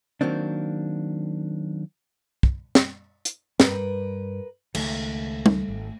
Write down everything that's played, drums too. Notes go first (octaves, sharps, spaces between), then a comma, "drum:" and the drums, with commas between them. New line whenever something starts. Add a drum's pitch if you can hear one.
D#3 F#3 A#3 C4 D4
drum: kick
drum: snare
drum: hi-hat
G2 G3 A#4 B4, drum: snare
C#2 D#3 A3, drum: cymbal
drum: tom G3
G#1